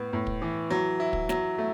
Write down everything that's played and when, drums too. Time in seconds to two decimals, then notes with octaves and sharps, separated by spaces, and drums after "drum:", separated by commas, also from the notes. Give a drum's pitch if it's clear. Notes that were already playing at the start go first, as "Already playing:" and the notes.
Already playing: A2 B3
0.13 A2
0.27 drum: kick
0.42 E3
0.71 F#3
1.00 E4
1.13 drum: kick
1.29 F#3, drum: snare
1.58 A3